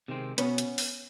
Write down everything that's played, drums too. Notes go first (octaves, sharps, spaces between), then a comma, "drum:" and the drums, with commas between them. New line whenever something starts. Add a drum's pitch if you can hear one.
C3 D#3 G#3 C4
B2 B3 C#4, drum: hi-hat
drum: hi-hat
drum: open hi-hat